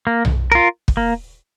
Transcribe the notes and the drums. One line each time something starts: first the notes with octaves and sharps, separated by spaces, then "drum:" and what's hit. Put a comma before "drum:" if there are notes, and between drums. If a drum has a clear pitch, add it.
A#3
drum: tom B1
F4 A#4
drum: kick
A#3